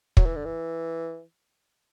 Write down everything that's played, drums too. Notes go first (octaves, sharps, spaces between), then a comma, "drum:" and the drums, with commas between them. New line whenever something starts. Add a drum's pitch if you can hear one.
F#3, drum: kick
E3
D3
E3